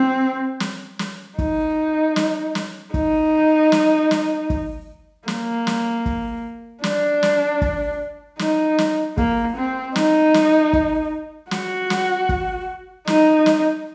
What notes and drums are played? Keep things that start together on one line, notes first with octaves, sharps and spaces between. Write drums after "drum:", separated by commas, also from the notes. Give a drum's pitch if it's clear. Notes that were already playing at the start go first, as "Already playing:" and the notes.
Already playing: C4
drum: snare
drum: snare
D#4, drum: kick
drum: snare
drum: snare
D#4, drum: kick
drum: snare
drum: snare
drum: kick
A#3, drum: snare
drum: snare
drum: kick
D4, drum: snare
drum: snare
drum: kick
D#4, drum: snare
drum: snare
A#3, drum: kick
C4
D#4, drum: snare
drum: snare
drum: kick
F#4, drum: snare
drum: snare
drum: kick
D#4, drum: snare
drum: snare